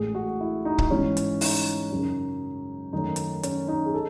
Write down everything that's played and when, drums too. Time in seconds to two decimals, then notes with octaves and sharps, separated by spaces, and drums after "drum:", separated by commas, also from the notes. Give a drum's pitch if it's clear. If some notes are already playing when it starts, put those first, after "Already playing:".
Already playing: A1 A2 G#3 G#4
0.15 F#4
0.40 E4
0.65 D#4
0.78 drum: kick C#1
0.90 G#2 E3 G#3 C#4
1.17 drum: hi-hat
1.41 D#4, drum: open hi-hat
1.91 F#2 C#3 F#3 C#4
2.93 F#2 D#3 A3 C#4 D#4
3.16 drum: hi-hat
3.43 C#4, drum: hi-hat
3.68 D#4
3.86 G#4
3.94 A4